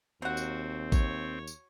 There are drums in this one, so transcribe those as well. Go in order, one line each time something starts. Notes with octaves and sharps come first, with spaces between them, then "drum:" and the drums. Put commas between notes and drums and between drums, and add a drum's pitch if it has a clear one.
D#2 F#3 C4 F#4 F#5
drum: tambourine
C#5, drum: kick A1, tambourine
drum: tambourine